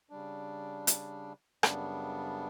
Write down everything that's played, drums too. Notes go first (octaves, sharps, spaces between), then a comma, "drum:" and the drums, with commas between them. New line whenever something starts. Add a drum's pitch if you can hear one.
C#3 G3 D4
drum: hi-hat
F#2 C#3 G3 B3 D4, drum: rim click